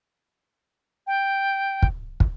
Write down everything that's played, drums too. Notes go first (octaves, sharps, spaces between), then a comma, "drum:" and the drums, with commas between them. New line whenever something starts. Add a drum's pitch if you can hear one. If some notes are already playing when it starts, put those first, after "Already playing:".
G5
drum: kick
drum: kick